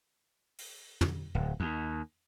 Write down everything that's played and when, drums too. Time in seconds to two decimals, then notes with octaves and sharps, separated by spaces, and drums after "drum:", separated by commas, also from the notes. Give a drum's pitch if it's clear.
0.58 drum: open hi-hat
1.01 drum: tom
1.35 D1
1.60 D#2